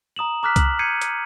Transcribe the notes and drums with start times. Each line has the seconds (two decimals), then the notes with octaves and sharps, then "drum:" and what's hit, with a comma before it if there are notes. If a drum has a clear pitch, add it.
0.16 A#5 D#6 E7 F#7
0.43 A#5 D6 F6 F#6 B6
0.56 F#7, drum: kick C2, hi-hat
0.79 G6 G#6 C7 C#7 D#7
1.02 drum: hi-hat